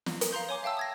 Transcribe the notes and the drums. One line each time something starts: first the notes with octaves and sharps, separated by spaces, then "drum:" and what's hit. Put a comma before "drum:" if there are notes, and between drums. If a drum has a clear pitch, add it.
drum: snare
drum: hi-hat
F5 A#5 C6 G6
C#5 G#5 D6
E5 F5 G5 A5 E6
D#6 G#6 A#6